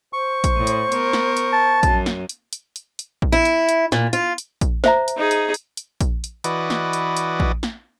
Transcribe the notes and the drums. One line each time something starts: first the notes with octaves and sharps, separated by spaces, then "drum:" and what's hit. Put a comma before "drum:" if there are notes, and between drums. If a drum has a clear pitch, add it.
C5 C#6
drum: kick A#1, hi-hat
A2
drum: hi-hat
B3 A#4, drum: hi-hat
drum: snare
drum: hi-hat
A5
F#2, drum: kick A#1, hi-hat
drum: snare
drum: hi-hat
drum: hi-hat
drum: hi-hat
drum: hi-hat
drum: kick A#1
E4
drum: hi-hat
drum: hi-hat
A#2, drum: snare
F4, drum: hi-hat
drum: hi-hat
drum: kick A#1, hi-hat
C5 E5 A#5, drum: snare
drum: hi-hat
D#4 G#4
drum: hi-hat
drum: hi-hat
drum: hi-hat
drum: kick A#1, hi-hat
drum: hi-hat
E3 F#4 B4 D5 D#5, drum: hi-hat
drum: snare
drum: hi-hat
drum: hi-hat
drum: kick A#1
drum: snare